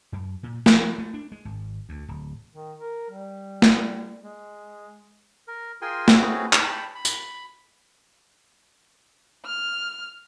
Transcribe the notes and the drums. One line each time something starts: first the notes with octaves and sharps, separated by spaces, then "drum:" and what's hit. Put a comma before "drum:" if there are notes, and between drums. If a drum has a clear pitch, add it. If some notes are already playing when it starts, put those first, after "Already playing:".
F#2
A#2
F3, drum: snare
A3
D4
G#3
G#1
D2
D1
D#3
A#4
G3
drum: snare
G#3
A#4
F4 G#4 A#4 G5 G#5 C6
A3 C4 C#4 F#4 G#4 B4, drum: snare
G5 A5 B5, drum: clap
B5
drum: tambourine
F6